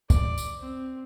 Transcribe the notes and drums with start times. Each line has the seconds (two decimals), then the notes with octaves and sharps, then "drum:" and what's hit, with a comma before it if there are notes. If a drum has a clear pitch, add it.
0.10 D5, drum: kick, tambourine
0.38 drum: tambourine
0.59 C4